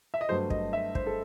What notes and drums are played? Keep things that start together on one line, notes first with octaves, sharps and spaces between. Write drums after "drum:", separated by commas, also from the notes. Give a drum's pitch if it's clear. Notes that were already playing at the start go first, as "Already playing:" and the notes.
E5
D#5
G2 F#3 A3 C5
D#5, drum: kick
E5
C5, drum: kick
A4